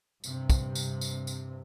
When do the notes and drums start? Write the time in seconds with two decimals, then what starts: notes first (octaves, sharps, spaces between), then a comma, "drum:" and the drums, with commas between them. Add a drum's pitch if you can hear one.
0.24 G2 C3, drum: tambourine
0.50 drum: kick, tambourine
0.75 drum: tambourine
1.01 drum: tambourine
1.27 drum: tambourine